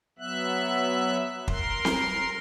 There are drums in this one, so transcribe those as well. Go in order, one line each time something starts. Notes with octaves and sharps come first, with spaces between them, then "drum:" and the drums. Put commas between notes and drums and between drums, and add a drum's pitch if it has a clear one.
F#3 B3 E5 F#6
A#4 C6, drum: kick
drum: snare C4